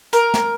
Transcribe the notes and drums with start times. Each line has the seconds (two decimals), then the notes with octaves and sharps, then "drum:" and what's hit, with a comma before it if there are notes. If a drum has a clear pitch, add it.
0.13 A#4, drum: hi-hat
0.34 drum: snare